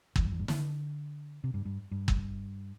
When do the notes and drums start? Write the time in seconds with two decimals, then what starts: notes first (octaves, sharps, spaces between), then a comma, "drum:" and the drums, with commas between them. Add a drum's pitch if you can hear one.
0.16 E2, drum: kick
0.24 G2
0.32 E2
0.39 G2
0.48 D3, drum: snare
1.44 C3
1.54 G2
1.65 G2
1.91 G2
2.08 drum: kick